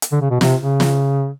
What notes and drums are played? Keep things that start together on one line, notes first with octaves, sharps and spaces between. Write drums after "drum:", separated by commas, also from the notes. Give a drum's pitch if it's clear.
drum: hi-hat
D3
C#3
B2
C3, drum: snare
C#3
drum: snare